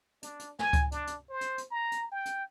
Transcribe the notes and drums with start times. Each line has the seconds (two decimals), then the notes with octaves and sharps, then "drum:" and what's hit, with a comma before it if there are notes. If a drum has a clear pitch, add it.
0.23 D4, drum: hi-hat
0.39 drum: hi-hat
0.59 G#5, drum: snare
0.73 drum: kick C#2, hi-hat
0.92 D4, drum: hi-hat
1.07 drum: hi-hat
1.30 C5
1.41 drum: hi-hat
1.58 drum: hi-hat
1.71 A#5
1.92 drum: hi-hat
2.12 G5
2.25 drum: hi-hat